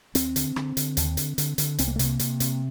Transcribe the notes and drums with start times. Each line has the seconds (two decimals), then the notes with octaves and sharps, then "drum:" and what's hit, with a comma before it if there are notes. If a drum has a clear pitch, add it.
0.15 D#2 C4, drum: hi-hat
0.36 D3, drum: hi-hat
0.56 D3, drum: rim click
0.77 D3, drum: hi-hat
0.97 D#2, drum: hi-hat
1.17 D3, drum: hi-hat
1.38 D3, drum: hi-hat
1.58 D3, drum: hi-hat
1.79 C2 C4, drum: hi-hat
1.88 A#3
1.96 A3
1.99 C3 A#3, drum: hi-hat
2.19 C3, drum: hi-hat
2.40 C3, drum: hi-hat